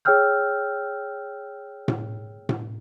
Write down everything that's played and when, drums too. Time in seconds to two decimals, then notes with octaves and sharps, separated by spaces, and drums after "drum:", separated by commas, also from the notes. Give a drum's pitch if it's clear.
0.05 G#4 C#5 G5 E6 F6 G6
1.88 drum: tom A2
2.49 drum: tom A2